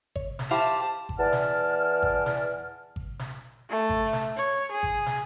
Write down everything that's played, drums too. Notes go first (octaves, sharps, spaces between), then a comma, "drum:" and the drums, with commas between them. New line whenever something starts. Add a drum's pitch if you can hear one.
C#5, drum: kick G#1
drum: snare
E4 G4 C5 F5 A5
drum: kick G#1
E2 E3 D5 F#5 A5 F6
drum: snare
drum: kick G#1
drum: snare
drum: kick G#1
drum: snare
A3
drum: kick G#1
drum: snare
C#5
G#4
drum: kick G#1
drum: snare